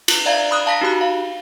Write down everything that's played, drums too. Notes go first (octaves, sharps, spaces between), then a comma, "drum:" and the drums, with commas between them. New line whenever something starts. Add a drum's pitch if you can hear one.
F4, drum: cymbal
D5 E5 F5 A#5 G#6
B5 D#6 F#6
F5 A5 A#5 A#6 B6
D#4 F#4 G4 B5 F#6
F5